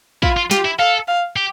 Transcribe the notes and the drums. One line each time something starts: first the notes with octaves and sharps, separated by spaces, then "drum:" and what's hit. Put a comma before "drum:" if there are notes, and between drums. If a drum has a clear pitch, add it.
E4 F4, drum: kick
F4
F4 G4, drum: snare
E4
A4 F5
F5
G4